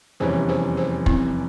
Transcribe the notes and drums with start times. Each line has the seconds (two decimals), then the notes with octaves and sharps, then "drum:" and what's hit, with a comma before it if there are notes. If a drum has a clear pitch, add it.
0.20 F1 E2 E3 G3 C#4 G#4 C5
0.49 G#4 C5
0.77 G#4 C5
1.06 C4 E4, drum: kick